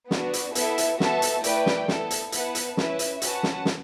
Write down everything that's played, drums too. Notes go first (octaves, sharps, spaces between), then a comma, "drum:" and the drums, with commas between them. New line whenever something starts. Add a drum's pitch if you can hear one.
B3 D4 F#4, drum: snare
drum: hi-hat
B3 E4 A4 E5, drum: hi-hat
drum: hi-hat
B3 F#4 A4 E5 A5, drum: snare
drum: hi-hat
A3 E4 B4 D5 G5, drum: hi-hat
drum: snare
B3 E4 A4, drum: snare
drum: hi-hat
B3 E4 B4 F#5 A5, drum: hi-hat
drum: hi-hat
C#4 E4 B4 E5, drum: snare
drum: hi-hat
C#4 F#4 B4 F#5 A5, drum: hi-hat
drum: snare
drum: snare